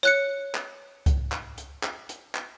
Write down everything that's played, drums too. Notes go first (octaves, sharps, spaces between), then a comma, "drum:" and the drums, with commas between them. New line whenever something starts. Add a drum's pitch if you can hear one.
C#5 F#6 C#7, drum: hi-hat
drum: clap
drum: kick C2, hi-hat
drum: clap
drum: hi-hat
drum: clap
drum: hi-hat
drum: clap